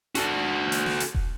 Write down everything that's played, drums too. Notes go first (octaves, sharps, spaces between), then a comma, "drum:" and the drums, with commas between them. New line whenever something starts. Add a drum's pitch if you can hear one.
F#4 A4, drum: hi-hat
drum: hi-hat
drum: snare
drum: hi-hat
drum: kick